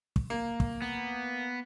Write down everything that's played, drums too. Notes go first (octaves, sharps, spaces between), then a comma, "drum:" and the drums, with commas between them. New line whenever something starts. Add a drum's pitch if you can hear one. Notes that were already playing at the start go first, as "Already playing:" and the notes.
drum: kick
A#3
drum: kick
B3